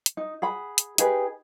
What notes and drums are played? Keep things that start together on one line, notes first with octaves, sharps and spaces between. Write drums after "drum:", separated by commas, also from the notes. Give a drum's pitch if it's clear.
drum: hi-hat
D#4
G#4 F#5 B5
drum: hi-hat
D#4 G4 G#4 B4, drum: hi-hat